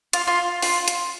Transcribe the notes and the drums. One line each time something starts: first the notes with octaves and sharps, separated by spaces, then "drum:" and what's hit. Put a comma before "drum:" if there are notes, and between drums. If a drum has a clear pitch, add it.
F4, drum: hi-hat
F4
F4, drum: open hi-hat
drum: hi-hat